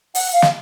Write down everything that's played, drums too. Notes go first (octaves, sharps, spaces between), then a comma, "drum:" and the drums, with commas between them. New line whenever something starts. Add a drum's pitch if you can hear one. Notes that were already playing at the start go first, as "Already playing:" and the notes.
F#5, drum: open hi-hat
F5
drum: snare